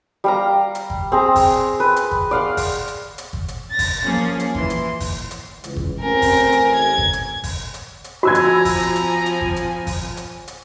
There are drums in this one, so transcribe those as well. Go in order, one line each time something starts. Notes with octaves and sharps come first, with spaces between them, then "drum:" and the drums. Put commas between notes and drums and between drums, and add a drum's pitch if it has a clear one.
G3 F5 A#5
drum: hi-hat
drum: kick G1
C4 G#4 A#5
drum: kick G1, open hi-hat
B4
drum: hi-hat
drum: kick G1
D5 F5 F#5 C6
drum: kick G1, open hi-hat
drum: hi-hat
drum: hi-hat
drum: kick G1
drum: hi-hat
A6 A#6
drum: kick G1, open hi-hat
F3 A#3 C#4 G#4
drum: hi-hat
E3 C6, drum: kick G1
drum: hi-hat
drum: kick G1, open hi-hat
drum: hi-hat
C#2 E3, drum: hi-hat
drum: kick G1
A1 C4 A#4 G#5
drum: kick G1, open hi-hat
drum: hi-hat
G#6
drum: kick G1
drum: hi-hat
drum: kick G1, open hi-hat
drum: hi-hat
drum: hi-hat
F3 C4 F#4 G#5 A#5 B5 E6 G#6
drum: hi-hat
drum: kick G1, open hi-hat
drum: hi-hat
drum: hi-hat
drum: kick G1
drum: hi-hat
drum: kick G1, open hi-hat
drum: hi-hat
drum: hi-hat